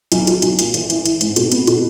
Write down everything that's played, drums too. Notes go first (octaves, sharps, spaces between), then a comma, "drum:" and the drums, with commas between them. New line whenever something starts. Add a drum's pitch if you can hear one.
B1, drum: hi-hat
F#3, drum: hi-hat
B1, drum: hi-hat
A#2, drum: hi-hat
A1, drum: hi-hat
E3, drum: hi-hat
A1, drum: hi-hat
G#2, drum: hi-hat
B2, drum: hi-hat
B3, drum: hi-hat
B2, drum: hi-hat